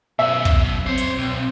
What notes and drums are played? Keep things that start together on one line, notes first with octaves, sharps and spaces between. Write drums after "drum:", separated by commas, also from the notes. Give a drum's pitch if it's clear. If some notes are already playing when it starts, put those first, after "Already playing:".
F#2 B2 E5
drum: kick
C4 C5 C#5
drum: hi-hat
B1